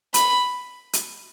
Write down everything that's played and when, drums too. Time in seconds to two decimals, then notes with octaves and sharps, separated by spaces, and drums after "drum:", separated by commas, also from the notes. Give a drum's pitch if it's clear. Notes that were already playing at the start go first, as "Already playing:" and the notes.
0.14 B5, drum: hi-hat
0.93 drum: hi-hat